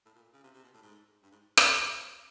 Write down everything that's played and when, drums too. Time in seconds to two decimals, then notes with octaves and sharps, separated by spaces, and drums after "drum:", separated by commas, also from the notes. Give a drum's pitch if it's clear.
0.05 A2
0.16 A#2
0.34 C#3
0.44 C3
0.54 C3
0.64 B2
0.74 A2
0.83 G#2
1.23 G2
1.32 G#2
1.57 drum: rim click